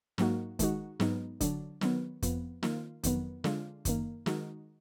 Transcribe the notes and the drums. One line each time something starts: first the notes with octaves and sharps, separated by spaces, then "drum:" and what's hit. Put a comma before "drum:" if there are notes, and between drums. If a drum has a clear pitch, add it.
G#2 F#3 A#3 D#4 F#4, drum: snare
D#3 G#3 D#4 F#4, drum: kick F#1, hi-hat
G#2 F#3 B3 D#4, drum: snare
D3 F#3 D4, drum: kick F#1, hi-hat
D#3 F#3 B3, drum: snare
F2 F3 B3, drum: kick F#1, hi-hat
D#3 A#3 F4, drum: snare
F2 D#3 F#3 B3, drum: kick F#1, hi-hat
D3 G#3 D4 F4, drum: snare
F#2 D#3 A#3, drum: kick F#1, hi-hat
D#3 G#3 D#4 F#4, drum: snare